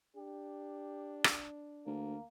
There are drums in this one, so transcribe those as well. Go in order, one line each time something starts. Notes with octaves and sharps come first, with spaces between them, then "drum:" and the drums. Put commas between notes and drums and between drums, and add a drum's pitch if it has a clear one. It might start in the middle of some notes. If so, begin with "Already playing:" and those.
D4 G4
drum: rim click
D2 A#3